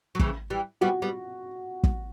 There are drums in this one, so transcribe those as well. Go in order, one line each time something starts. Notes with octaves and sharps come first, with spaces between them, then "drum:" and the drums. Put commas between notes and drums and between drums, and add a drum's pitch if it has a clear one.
F#3
C#3 E3, drum: kick
E3 G3
G3 B3 F#4
G3 B3
drum: kick